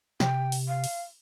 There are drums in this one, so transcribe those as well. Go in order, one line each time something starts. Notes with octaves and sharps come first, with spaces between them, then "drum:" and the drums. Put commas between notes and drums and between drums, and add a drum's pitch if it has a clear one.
C3 G5, drum: snare
drum: open hi-hat
F5
drum: open hi-hat